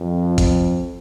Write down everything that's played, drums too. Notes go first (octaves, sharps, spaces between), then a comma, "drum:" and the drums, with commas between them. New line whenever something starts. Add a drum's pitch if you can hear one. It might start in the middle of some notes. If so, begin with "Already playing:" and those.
Already playing: F2
drum: kick, hi-hat